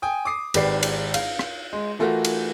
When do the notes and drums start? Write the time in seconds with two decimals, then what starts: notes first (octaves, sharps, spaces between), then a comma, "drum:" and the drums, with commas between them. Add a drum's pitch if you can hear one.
0.02 G5 G#5 D#6
0.25 D6 D#6 C7
0.54 G#1 G4 B4 D5 G5 C7, drum: cymbal
0.83 drum: cymbal
1.14 F5, drum: cymbal
1.39 drum: rim click
1.73 G#3
1.99 E3 A3 F4 F#4 A#4
2.25 drum: cymbal